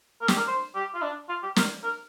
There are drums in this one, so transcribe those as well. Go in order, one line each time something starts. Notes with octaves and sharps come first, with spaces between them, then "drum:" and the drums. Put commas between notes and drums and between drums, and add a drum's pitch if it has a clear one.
A#4
G4, drum: snare
A#4
C5
G4
F4
D4
F4
G4
A#4, drum: snare
A#4